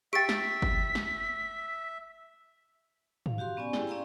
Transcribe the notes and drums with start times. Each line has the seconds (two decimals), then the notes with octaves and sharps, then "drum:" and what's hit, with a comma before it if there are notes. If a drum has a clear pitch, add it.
0.13 G4 E5 G5 A6 B6 D7
0.29 drum: snare
0.62 drum: kick G1
0.95 drum: snare
3.26 F5, drum: tom
3.38 F#4 G4 F5 C6
3.57 B3 C#4 D5 G#5
3.73 E4 G4 G#4 G5, drum: snare
3.87 C#4 D5 F5 G5 A#5 C6